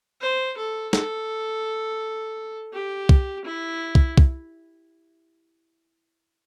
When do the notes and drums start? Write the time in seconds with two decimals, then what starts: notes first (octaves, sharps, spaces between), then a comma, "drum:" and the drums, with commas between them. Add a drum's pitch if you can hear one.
0.21 C5
0.57 A4
0.93 A4, drum: snare
2.73 G4
3.09 drum: kick
3.45 E4
3.95 drum: kick
4.17 drum: kick